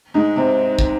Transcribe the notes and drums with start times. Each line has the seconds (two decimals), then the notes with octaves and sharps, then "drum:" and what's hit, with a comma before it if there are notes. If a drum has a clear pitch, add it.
0.14 G#2 G#3
0.36 C3 C4
0.79 drum: kick